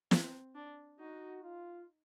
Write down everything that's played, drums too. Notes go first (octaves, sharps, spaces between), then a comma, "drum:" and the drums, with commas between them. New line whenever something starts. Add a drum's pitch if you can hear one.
C4, drum: snare
D4
D#4 F#4
F4